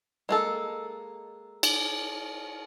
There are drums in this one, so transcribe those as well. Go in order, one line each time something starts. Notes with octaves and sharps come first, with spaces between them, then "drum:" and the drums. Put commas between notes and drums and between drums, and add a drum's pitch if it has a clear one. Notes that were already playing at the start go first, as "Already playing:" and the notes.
G#3 A#3 A4
drum: cymbal